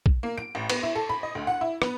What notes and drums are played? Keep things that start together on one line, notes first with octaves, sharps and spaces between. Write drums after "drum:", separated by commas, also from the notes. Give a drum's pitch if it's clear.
drum: kick B1
A#3
D7
A1
B3, drum: cymbal
E4
A4
B5
D#5
D2
F#5
E4
B3, drum: rim click